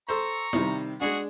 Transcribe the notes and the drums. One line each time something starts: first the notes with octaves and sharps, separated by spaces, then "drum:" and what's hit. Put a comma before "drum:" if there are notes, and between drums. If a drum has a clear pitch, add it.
A4 C5 A#5 C#6
C3 D#3 G3, drum: snare E4
G#3 D4 F#4 G#4 F#5